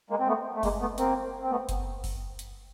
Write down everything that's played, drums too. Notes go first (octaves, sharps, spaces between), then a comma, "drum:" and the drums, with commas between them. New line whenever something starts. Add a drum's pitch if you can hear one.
G#3 A#3
C4
A3 B3
A3
G#3 A#3, drum: kick F#1, open hi-hat
A3 B3
A#3 C4, drum: hi-hat
C4
A3 B3
drum: kick F#1, hi-hat
drum: kick F#1, open hi-hat
drum: hi-hat